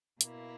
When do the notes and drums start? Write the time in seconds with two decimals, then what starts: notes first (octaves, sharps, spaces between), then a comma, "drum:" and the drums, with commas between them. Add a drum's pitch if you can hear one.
0.21 B2 A#3 E4, drum: hi-hat